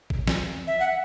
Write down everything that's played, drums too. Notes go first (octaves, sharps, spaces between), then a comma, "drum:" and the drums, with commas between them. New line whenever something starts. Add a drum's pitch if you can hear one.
drum: kick A1
drum: snare
E5
F#5